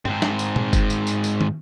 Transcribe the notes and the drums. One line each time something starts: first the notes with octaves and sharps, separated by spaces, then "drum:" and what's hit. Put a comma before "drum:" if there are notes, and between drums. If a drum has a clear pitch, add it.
G#2 C4, drum: tom
drum: snare
drum: tambourine
drum: tom A#2
drum: kick F#1, tambourine
drum: tambourine
drum: tambourine
drum: tambourine
drum: tom